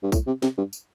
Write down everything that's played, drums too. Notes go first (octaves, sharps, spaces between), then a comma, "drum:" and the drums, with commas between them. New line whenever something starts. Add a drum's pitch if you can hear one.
G2
A2, drum: kick, tambourine
C3
C3, drum: snare
G2
drum: tambourine